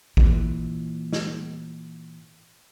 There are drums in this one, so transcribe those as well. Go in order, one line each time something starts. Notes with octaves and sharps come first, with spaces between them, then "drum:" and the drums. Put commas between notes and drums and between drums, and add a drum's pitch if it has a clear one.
A#2 E3, drum: kick A1
drum: snare